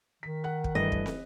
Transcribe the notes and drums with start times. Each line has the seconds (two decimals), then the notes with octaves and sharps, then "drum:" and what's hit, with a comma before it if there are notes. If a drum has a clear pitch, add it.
0.23 D#3 B6
0.44 F#5 F#6
0.64 drum: kick
0.75 G2 E3 A3 D#5
0.92 drum: kick
1.06 drum: snare